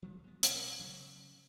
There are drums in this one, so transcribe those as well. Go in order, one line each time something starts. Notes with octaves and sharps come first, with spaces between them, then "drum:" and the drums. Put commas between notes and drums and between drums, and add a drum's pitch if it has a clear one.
F3 G3 B3
G#3 B3
B1 A3 C#4, drum: hi-hat
C#3 F#3